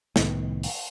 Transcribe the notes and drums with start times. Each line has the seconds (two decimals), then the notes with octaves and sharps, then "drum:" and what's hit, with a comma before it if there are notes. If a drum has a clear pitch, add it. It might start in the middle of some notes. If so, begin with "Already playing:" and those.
0.16 C2 A2 D#3 B3, drum: snare
0.63 drum: open hi-hat